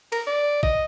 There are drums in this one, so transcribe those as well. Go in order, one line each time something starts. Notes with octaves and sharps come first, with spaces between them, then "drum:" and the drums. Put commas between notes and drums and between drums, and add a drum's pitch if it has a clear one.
A#4, drum: cymbal
D5
D#5, drum: kick A1